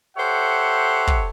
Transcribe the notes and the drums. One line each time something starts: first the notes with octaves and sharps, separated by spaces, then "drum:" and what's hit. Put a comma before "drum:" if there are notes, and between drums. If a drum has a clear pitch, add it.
G4 A4 C5 C#5 E5 F#5
drum: kick